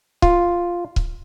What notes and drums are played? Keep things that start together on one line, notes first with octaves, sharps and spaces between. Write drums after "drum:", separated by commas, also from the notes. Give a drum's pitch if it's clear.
F4, drum: kick C#1
drum: kick C#1